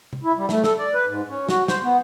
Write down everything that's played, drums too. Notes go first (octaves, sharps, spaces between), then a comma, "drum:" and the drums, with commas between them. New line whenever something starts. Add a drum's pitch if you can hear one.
drum: tom
E4
G3
A3, drum: snare
A4, drum: snare
D5
B4
G#2
C#4
F#4, drum: snare
C5, drum: snare
B3